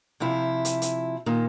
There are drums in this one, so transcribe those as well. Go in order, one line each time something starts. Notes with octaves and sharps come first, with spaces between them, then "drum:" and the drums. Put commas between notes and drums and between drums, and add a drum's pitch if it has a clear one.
C3 F3 E4
drum: hi-hat
drum: hi-hat
A#2 D#3